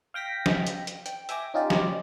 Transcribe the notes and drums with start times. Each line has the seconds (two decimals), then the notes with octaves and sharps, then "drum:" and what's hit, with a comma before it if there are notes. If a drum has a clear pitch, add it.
0.14 F5 G5 A#6 B6
0.46 drum: snare
0.67 drum: hi-hat
0.87 drum: hi-hat
1.06 G5, drum: hi-hat
1.29 E5 G5 G#5 D6 A#6, drum: hi-hat
1.54 C#4 D#4 F4 G4 D5
1.70 drum: snare